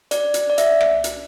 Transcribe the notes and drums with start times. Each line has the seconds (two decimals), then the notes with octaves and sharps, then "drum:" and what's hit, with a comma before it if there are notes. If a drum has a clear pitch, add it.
0.11 D5, drum: hi-hat
0.34 drum: hi-hat
0.50 D5
0.58 E5, drum: hi-hat
0.81 drum: rim click
1.04 drum: hi-hat